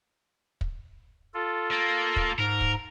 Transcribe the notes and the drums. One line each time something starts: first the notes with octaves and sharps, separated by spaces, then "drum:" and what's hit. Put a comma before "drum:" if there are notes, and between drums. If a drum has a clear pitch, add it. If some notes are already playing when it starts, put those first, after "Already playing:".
drum: kick
F4 A4
A#3
drum: kick
G#2 A#4
drum: kick